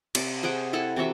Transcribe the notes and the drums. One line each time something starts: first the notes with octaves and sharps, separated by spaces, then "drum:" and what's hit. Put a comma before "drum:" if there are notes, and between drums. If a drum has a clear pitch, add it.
C3 D5, drum: cymbal
G#4 C5 F#5 G5
E4 A4 F#5 G#5
C3 E3 F#4 E5